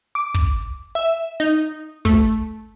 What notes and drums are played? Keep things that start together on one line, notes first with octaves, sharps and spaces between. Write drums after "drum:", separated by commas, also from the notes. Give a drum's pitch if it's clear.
D6
drum: kick
E5
D#4
A3, drum: kick